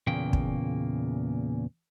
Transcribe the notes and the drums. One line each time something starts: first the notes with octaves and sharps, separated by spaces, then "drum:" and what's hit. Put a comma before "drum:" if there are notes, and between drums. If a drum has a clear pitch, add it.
E2 A#2 C#3 A#3 G5
drum: kick